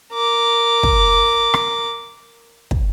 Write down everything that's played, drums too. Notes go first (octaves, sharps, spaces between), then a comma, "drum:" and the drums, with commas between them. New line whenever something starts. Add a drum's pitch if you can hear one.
A#4 D6
drum: kick
drum: rim click
drum: kick